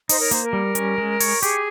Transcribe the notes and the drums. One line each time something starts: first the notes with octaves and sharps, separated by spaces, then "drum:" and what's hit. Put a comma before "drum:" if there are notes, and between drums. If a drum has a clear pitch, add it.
D#4 C5 D#5, drum: open hi-hat
A#4 C#5
A#3 C5, drum: hi-hat
A#4
G3
C#4, drum: hi-hat
G#3
C#5, drum: open hi-hat
G4 G#4, drum: hi-hat